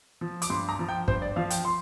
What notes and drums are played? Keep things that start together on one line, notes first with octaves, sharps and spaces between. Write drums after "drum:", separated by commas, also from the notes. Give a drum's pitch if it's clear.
F3
D6, drum: hi-hat
G2 C6
A#5
F3
G5
G2 C5, drum: kick
D5
F3 F5
G5, drum: hi-hat
C6